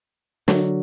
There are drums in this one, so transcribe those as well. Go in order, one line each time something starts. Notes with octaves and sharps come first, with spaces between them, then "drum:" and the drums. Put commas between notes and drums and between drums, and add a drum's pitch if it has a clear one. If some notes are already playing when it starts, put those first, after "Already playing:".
D3 F#3, drum: snare